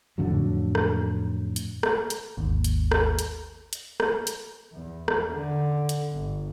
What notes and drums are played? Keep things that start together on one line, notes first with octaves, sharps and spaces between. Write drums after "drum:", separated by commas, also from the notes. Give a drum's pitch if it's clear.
F2 A2 D3 F#3
drum: rim click
drum: hi-hat
drum: rim click
drum: hi-hat
G#1 D#2
drum: hi-hat
drum: rim click
drum: hi-hat
drum: hi-hat
drum: rim click
drum: hi-hat
E2
drum: rim click
D3
drum: hi-hat
G1